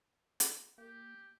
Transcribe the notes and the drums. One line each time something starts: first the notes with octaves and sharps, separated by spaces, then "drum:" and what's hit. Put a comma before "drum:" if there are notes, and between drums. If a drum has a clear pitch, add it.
drum: hi-hat
A#3 G4